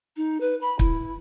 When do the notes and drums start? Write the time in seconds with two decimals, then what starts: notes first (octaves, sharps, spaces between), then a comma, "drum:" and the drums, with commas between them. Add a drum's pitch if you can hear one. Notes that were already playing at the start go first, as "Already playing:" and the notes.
0.17 D#4
0.41 B4
0.61 B5
0.79 E4, drum: kick